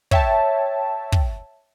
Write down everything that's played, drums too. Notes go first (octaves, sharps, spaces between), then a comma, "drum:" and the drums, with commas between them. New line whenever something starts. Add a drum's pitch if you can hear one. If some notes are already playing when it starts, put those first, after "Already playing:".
C#5 E5 G5 A5, drum: kick
drum: kick